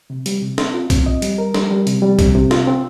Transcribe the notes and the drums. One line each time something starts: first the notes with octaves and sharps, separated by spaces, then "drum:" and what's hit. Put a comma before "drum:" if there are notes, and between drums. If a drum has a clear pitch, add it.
C3
G3, drum: hi-hat
C3
C4, drum: snare
F4
C4, drum: kick B1, hi-hat
D#5
G3, drum: hi-hat
A#4
G3, drum: snare
G3
C3, drum: hi-hat
G3
C3, drum: kick B1, hi-hat
C3
F4, drum: snare
C4